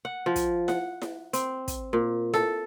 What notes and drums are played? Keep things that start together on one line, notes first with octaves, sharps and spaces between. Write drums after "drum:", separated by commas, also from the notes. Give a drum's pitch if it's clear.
F#5
F3
drum: kick, hi-hat
F#5, drum: snare E4
drum: snare E4
C4, drum: hi-hat
drum: kick, hi-hat
A#2
A4, drum: snare E4